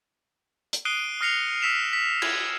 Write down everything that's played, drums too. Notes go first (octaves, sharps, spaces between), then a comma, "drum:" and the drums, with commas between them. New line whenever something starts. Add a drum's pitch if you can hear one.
drum: hi-hat
D#6 F#6 C7 D7 D#7 G7
D#6 F6 A#6 C7 C#7 F7
E6 B6 E7 F7
B6
G#6 B6, drum: cymbal